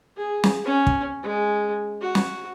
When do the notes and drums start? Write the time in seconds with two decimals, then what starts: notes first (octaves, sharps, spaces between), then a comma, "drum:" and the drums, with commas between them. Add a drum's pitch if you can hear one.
0.17 G#4
0.44 drum: snare
0.65 C#4
0.87 drum: kick
1.23 G#3
2.01 F#4
2.15 drum: snare